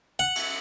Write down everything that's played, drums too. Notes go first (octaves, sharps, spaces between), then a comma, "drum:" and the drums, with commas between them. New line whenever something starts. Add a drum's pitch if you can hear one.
F#5
drum: cymbal